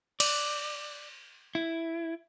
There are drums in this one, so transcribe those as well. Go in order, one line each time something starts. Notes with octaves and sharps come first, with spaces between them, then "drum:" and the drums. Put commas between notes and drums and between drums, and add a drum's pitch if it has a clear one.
D5, drum: cymbal
E4